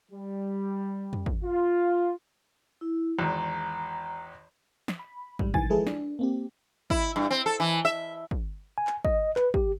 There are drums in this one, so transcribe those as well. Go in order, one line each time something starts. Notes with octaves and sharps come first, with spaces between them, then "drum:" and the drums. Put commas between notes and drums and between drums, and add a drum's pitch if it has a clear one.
G3
drum: tom F2
drum: kick
F4
E4
G#1 E2 A#5
drum: snare
B5
G#2 G3, drum: kick
B1 D#3 E3 G#5 A6, drum: kick
F3 G#3 E4 G#4 A4 B4
D4, drum: snare
A#3 C4 G4
E4, drum: kick
G2
C4
A4
E3
E5
drum: kick
G#5
drum: clap
D#5, drum: kick
B4, drum: clap
G4, drum: kick